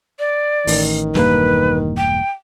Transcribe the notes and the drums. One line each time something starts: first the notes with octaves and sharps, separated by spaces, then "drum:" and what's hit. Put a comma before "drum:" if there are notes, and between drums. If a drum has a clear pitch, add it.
D5
A1 D#3, drum: open hi-hat
E1 G2 A#3 B4, drum: snare
G5